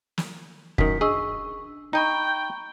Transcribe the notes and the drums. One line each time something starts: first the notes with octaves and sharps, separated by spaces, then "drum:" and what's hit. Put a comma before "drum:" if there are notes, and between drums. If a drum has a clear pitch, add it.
drum: snare
F#2 D#3 B6, drum: kick
D4 G#4 D#5 C#6 E6
D#4 D#5 G5 A#5 B5 C#6